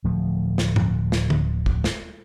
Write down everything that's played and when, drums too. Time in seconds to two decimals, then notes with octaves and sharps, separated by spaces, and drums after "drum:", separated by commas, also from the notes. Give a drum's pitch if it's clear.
0.04 D1 F3 A3
0.58 drum: snare
0.76 drum: tom G2
1.12 drum: snare
1.30 drum: tom D3
1.66 drum: kick
1.84 drum: snare